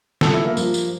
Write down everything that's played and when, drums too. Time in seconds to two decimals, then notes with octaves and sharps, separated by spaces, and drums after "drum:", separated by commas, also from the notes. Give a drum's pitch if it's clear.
0.21 G2 F3 A4, drum: snare
0.34 E4
0.45 A#3
0.57 G2 F3, drum: tambourine
0.74 drum: tambourine